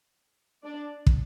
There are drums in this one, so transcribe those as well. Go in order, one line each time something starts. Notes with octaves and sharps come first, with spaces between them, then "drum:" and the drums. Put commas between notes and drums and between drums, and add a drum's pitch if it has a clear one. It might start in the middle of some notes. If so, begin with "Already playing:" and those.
D4 D5
drum: kick